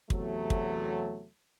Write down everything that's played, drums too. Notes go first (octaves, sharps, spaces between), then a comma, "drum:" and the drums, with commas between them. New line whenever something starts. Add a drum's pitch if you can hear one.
E2 C3 F#3 A3, drum: kick
drum: kick